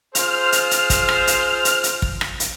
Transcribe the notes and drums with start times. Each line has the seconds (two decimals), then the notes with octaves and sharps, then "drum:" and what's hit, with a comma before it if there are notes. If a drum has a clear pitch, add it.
0.15 F4 G#4 C5 F6, drum: hi-hat
0.52 drum: hi-hat
0.71 drum: hi-hat
0.90 drum: kick, hi-hat
1.09 drum: rim click
1.27 drum: hi-hat
1.65 drum: hi-hat
1.84 drum: hi-hat
2.02 drum: kick
2.21 drum: rim click
2.40 drum: hi-hat